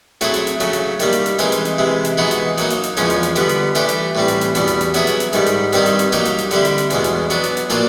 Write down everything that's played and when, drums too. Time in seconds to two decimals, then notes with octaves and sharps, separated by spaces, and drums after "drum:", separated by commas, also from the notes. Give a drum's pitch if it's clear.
0.21 F#3 A3 C4 E4 G#4, drum: hi-hat
0.34 drum: hi-hat
0.47 drum: hi-hat
0.60 C#3 F#3 A3, drum: hi-hat
0.73 drum: hi-hat
1.00 D#3 G3 A#3, drum: hi-hat
1.13 drum: hi-hat
1.26 drum: hi-hat
1.39 E3 G#3 C4 D#4, drum: hi-hat
1.52 drum: hi-hat
1.65 drum: hi-hat
1.79 C3 E3 G#3
2.05 drum: hi-hat
2.18 E3 G#3 B3 D#4 F#4
2.31 drum: hi-hat
2.58 F#3 A#3 D#4, drum: hi-hat
2.70 drum: hi-hat
2.83 drum: hi-hat
2.97 E2 C#3 F3 G#3 C#4, drum: hi-hat
3.10 drum: hi-hat
3.23 drum: hi-hat
3.36 D3 G3 B3, drum: hi-hat
3.49 drum: hi-hat
3.75 E3 A3 D4 G4, drum: hi-hat
3.89 drum: hi-hat
4.15 A2 E3 G3 C4
4.28 drum: hi-hat
4.41 drum: hi-hat
4.55 E2 B2 G3, drum: hi-hat
4.67 drum: hi-hat
4.81 drum: hi-hat
4.94 F#3 B3 E4 G#4, drum: hi-hat
5.07 drum: hi-hat
5.20 drum: hi-hat
5.33 G#2 D#3 G3, drum: hi-hat
5.46 drum: hi-hat
5.73 G2 D#3 G3 C4 D#4, drum: hi-hat
5.86 drum: hi-hat
5.99 drum: hi-hat
6.12 F#3 A#3 D#4 G4, drum: hi-hat
6.25 drum: hi-hat
6.38 drum: hi-hat
6.51 D3 G3 C4 E4, drum: hi-hat
6.65 drum: hi-hat
6.78 drum: hi-hat
6.90 E2 B2 G#3, drum: hi-hat
7.04 drum: hi-hat
7.30 F#3 B3 D4, drum: hi-hat
7.44 drum: hi-hat
7.57 drum: hi-hat
7.70 A#2 F#3 A#3 D4 F4, drum: hi-hat